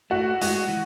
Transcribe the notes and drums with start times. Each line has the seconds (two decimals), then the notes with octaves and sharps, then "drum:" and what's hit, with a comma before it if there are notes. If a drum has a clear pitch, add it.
0.10 A3 F#4
0.41 G#3 F#4, drum: hi-hat
0.68 E3